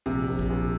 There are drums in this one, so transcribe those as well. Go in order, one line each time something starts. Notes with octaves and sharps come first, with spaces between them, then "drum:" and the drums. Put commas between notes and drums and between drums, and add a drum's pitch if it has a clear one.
A#1 C3
A#1
drum: kick
A#1